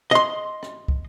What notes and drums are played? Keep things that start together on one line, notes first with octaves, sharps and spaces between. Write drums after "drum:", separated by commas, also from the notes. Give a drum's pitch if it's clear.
D#5 C6
drum: rim click
drum: kick